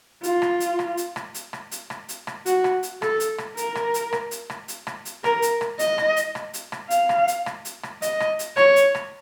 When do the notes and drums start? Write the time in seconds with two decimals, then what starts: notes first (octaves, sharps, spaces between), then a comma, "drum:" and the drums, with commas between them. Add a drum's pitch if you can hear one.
0.23 F4, drum: hi-hat
0.42 drum: rim click
0.60 drum: hi-hat
0.79 drum: rim click
0.97 drum: hi-hat
1.16 drum: rim click
1.34 drum: hi-hat
1.53 drum: rim click
1.71 drum: hi-hat
1.90 drum: rim click
2.09 drum: hi-hat
2.27 drum: rim click
2.46 F#4, drum: hi-hat
2.64 drum: rim click
2.83 drum: hi-hat
3.02 A4, drum: rim click
3.20 drum: hi-hat
3.38 drum: rim click
3.57 A#4, drum: hi-hat
3.75 drum: rim click
3.94 drum: hi-hat
4.13 drum: rim click
4.31 drum: hi-hat
4.50 drum: rim click
4.68 drum: hi-hat
4.87 drum: rim click
5.05 drum: hi-hat
5.24 A#4, drum: rim click
5.42 drum: hi-hat
5.61 drum: rim click
5.79 D#5, drum: hi-hat
5.98 drum: rim click
6.16 drum: hi-hat
6.35 drum: rim click
6.54 drum: hi-hat
6.72 drum: rim click
6.90 F5, drum: hi-hat
7.09 drum: rim click
7.28 drum: hi-hat
7.46 drum: rim click
7.65 drum: hi-hat
7.83 drum: rim click
8.02 D#5, drum: hi-hat
8.20 drum: rim click
8.39 drum: hi-hat
8.57 C#5, drum: rim click
8.76 drum: hi-hat
8.95 drum: rim click